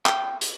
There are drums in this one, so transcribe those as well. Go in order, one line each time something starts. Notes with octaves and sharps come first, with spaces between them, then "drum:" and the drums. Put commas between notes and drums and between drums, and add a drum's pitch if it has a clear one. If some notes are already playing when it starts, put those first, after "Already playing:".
G5, drum: clap
drum: hi-hat